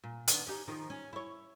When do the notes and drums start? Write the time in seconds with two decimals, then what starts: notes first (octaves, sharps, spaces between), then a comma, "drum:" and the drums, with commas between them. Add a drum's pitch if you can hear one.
0.04 A#2
0.28 D#3 B3 D4, drum: hi-hat
0.46 C#4 D#4 G4
0.68 D#3 F3 D#4
0.90 C#4
1.13 E4 C#5